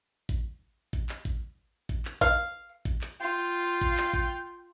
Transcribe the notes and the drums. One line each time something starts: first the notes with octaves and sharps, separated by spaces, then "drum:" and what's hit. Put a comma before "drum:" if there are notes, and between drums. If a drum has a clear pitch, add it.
drum: kick A1
drum: kick A1
drum: clap
drum: kick A1
drum: kick A1
drum: clap
F5, drum: kick A1
drum: kick A1
drum: clap
F4 G5
drum: kick A1
drum: clap
drum: kick A1